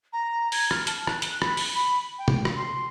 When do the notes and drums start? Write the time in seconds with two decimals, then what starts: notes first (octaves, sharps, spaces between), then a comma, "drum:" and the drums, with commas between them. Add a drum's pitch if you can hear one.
0.13 A#5
0.52 G#6, drum: open hi-hat
0.71 F6, drum: rim click
0.87 A5, drum: hi-hat
1.07 F#6, drum: rim click
1.22 drum: hi-hat
1.42 B5, drum: rim click
1.57 drum: open hi-hat
1.75 B5
2.18 G5
2.28 drum: tom
2.45 drum: rim click
2.57 C6